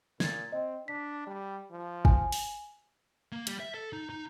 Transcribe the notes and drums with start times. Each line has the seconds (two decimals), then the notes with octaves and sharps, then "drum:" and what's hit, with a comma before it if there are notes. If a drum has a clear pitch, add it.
0.20 A#2 G#6 A6, drum: snare
0.52 C4 D#5
0.88 D4 B6
1.27 G3
1.71 F3
2.05 G#5, drum: kick
2.32 drum: open hi-hat
3.32 A#3
3.47 G3, drum: hi-hat
3.60 E5
3.74 A4
3.93 D#4
4.10 D#4